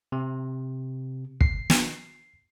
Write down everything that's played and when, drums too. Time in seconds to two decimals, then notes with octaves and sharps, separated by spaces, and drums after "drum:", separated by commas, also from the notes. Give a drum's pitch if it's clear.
0.12 C3
1.41 C7, drum: kick
1.70 drum: snare